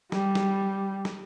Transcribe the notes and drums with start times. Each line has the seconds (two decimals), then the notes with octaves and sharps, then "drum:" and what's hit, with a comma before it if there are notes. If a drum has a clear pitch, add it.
0.12 G3, drum: snare
0.35 drum: snare
1.05 drum: snare